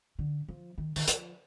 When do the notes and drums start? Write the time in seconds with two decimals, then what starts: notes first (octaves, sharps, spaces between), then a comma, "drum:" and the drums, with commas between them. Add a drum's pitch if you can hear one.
0.19 D3
0.48 F3
0.78 D#3
0.96 D#3, drum: open hi-hat
1.08 F3, drum: hi-hat